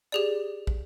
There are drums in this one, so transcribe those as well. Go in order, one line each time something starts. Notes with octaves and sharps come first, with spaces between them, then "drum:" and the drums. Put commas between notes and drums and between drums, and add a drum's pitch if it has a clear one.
G4 G#4 D5
drum: kick